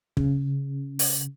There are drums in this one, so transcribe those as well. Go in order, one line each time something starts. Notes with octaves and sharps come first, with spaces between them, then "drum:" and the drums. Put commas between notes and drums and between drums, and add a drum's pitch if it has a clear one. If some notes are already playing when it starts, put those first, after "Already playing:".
C#3, drum: kick
drum: open hi-hat